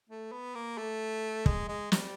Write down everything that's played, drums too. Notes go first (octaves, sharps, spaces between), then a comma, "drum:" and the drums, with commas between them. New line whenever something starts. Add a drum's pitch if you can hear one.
A3
B3
A#3
A3
G#3, drum: kick
G#3
G3, drum: snare